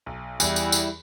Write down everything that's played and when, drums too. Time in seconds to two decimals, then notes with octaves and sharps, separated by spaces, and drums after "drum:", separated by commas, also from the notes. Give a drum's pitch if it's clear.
0.06 B1
0.40 E2 G3 E4, drum: tambourine
0.56 drum: tambourine
0.72 drum: tambourine